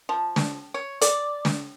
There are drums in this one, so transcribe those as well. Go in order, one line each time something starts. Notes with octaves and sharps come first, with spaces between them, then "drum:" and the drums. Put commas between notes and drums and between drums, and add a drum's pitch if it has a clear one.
F3
drum: snare
C#5
D5, drum: hi-hat
drum: snare